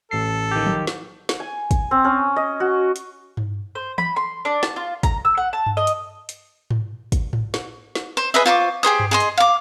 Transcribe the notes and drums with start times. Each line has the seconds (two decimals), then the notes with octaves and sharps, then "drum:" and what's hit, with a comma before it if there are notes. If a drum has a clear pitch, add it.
0.11 A1 A4 C7
0.51 D#3 G4
0.67 drum: tom F3
0.87 drum: snare
1.29 drum: snare
1.40 G#5
1.71 drum: kick, hi-hat
1.91 C4
2.05 C#4
2.36 D#5
2.60 F#4
2.96 drum: hi-hat
3.37 drum: tom G2
3.75 C5
3.98 B5, drum: tom E3
4.16 C6
4.45 D4
4.63 A5, drum: snare
4.76 F4
5.03 A#5, drum: kick, hi-hat
5.25 E6
5.37 F#5
5.53 A5
5.66 drum: tom G2
5.77 D#5
5.87 drum: hi-hat
6.29 drum: hi-hat
6.71 drum: tom G#2
7.12 drum: kick, hi-hat
7.33 drum: tom G#2
7.54 drum: snare
7.95 drum: snare
8.17 C5
8.34 G#4 B4 D#5 E5
8.46 F4 C5 C#6 D6
8.83 G4 G#4 C5 D#6
9.00 drum: tom G2
9.11 G#4 D#5 C6
9.20 drum: hi-hat
9.37 F5 D6